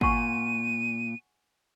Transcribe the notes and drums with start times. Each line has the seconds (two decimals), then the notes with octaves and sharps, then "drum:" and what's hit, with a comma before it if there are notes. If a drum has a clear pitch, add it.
0.01 A#2 F#5 G#5 C#6 D#7, drum: kick G#1